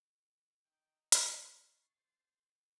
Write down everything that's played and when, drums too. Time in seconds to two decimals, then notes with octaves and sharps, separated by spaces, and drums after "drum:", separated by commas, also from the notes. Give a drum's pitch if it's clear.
0.65 D#4 G5
1.12 C#6 A6 C7, drum: hi-hat
1.97 C5